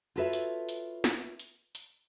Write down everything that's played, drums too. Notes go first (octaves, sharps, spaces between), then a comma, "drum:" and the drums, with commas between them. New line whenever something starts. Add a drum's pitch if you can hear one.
F4 F#4 A4 B4 C#5 E5
drum: hi-hat
drum: hi-hat
drum: snare
drum: hi-hat
drum: hi-hat